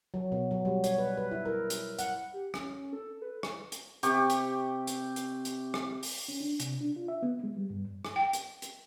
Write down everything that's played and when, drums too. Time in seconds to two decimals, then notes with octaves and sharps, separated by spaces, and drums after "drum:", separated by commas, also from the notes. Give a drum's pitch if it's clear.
0.14 F#3
0.32 B2
0.51 F#3
0.65 G3
0.84 C#5, drum: hi-hat
0.98 B4
1.17 B4
1.31 E4
1.45 A#4
1.70 drum: hi-hat
1.99 F#5, drum: hi-hat
2.33 G4
2.54 C#4, drum: rim click
2.93 A4
3.22 B4
3.43 drum: rim click
3.72 drum: hi-hat
4.03 C3 G4 C#6, drum: hi-hat
4.30 drum: hi-hat
4.87 drum: hi-hat
5.16 drum: hi-hat
5.45 drum: hi-hat
5.74 drum: rim click
6.03 drum: open hi-hat
6.28 C#4
6.40 D4
6.60 C3, drum: hi-hat
6.81 D4
6.96 F4
7.08 E5
7.23 B3
7.44 G#3
7.57 G3
7.70 G2
8.05 drum: rim click
8.16 G5
8.33 drum: hi-hat
8.62 drum: hi-hat